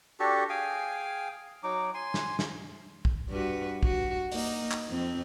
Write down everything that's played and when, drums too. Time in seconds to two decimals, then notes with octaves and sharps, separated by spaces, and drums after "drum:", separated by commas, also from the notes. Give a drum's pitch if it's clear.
0.20 D4 F#4 G4 A4
0.49 G#4 F5 G5 G#5
1.63 F#3 D#4 D6
1.94 G#5 C6
2.14 drum: snare
2.39 drum: snare
3.05 drum: kick
3.30 G2 F#4 B4
3.83 F#4, drum: kick
4.32 A#3 D#4, drum: open hi-hat
4.71 drum: clap
4.88 F2 C4